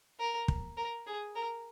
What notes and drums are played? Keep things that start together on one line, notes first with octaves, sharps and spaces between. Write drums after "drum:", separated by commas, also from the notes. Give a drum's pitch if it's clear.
A#4
drum: kick
A#4
G#4
A#4